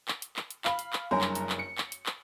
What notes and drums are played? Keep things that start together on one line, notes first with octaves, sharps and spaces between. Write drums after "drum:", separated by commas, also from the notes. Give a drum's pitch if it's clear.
drum: clap
drum: hi-hat
drum: clap
drum: hi-hat
F5 B5, drum: clap
drum: hi-hat
drum: clap
F#1 G2 F#4 C#5 G#5 A#5
drum: clap
drum: hi-hat
drum: clap
C#7
drum: clap
drum: hi-hat
drum: clap